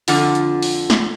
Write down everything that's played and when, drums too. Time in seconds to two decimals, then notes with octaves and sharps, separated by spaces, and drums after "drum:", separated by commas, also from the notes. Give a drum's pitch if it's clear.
0.08 F2 D3 F4 F#5, drum: open hi-hat
0.35 drum: hi-hat
0.62 drum: open hi-hat
0.90 drum: snare